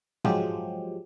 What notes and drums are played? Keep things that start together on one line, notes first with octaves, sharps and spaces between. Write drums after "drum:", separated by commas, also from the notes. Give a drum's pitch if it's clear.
F3 F#3 G#3 G4, drum: tom